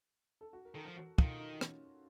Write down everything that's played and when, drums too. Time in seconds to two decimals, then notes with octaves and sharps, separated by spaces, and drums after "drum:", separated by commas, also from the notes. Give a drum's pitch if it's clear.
0.41 A4
0.53 F#4
0.65 A#4
0.74 D#3 A4
0.85 F3
0.97 F#4
1.18 D#3 F4, drum: kick
1.40 D#4
1.61 C#4, drum: rim click